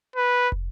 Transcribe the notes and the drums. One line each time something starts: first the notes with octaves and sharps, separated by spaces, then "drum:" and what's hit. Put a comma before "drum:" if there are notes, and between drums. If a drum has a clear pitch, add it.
B4
drum: kick